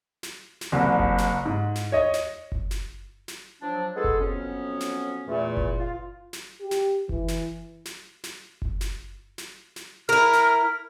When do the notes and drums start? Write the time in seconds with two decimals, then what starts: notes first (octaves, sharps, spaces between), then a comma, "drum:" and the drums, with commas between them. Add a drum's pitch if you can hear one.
0.23 drum: snare
0.61 drum: snare
0.72 F#1 C2
0.99 drum: kick F#1
1.18 drum: snare
1.46 G#2
1.75 drum: snare
1.92 C#5 D#5
2.14 drum: snare
2.52 drum: kick F#1
2.71 drum: snare
3.28 drum: snare
3.62 F3 F#3 D4
3.95 G#3 B3 F4 G#4 A4
4.04 drum: kick F#1
4.20 F2 F#3 B3 C#4
4.80 drum: snare
5.27 E2 A#2 A3
5.57 drum: kick F#1
5.79 F4
6.33 drum: snare
6.61 G4
6.71 drum: snare
7.09 E3, drum: kick F#1
7.28 drum: snare
7.85 drum: snare
8.24 drum: snare
8.62 drum: kick F#1
8.81 drum: snare
9.38 drum: snare
9.76 drum: snare
10.09 E4 A#4 F6
10.33 drum: snare